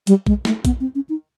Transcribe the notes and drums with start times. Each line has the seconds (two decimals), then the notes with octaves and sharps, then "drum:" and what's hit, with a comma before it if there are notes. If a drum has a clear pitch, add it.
0.07 G3, drum: hi-hat
0.27 G#3, drum: kick A#1
0.45 A3, drum: snare
0.65 B3, drum: kick A#1, hi-hat
0.80 C4
0.95 C#4
1.09 D#4